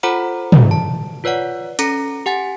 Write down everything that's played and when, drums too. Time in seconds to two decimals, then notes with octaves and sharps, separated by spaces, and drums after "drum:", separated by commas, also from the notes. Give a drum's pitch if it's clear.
0.03 F4 A4 C5 F#5 A#5 B5
0.52 drum: tom
0.71 A5
1.24 F4 B4 C#5 D5 F#5
1.79 C#4 A4 A#5 A#6 C#7, drum: hi-hat
2.26 G4 F#5 G#5 A6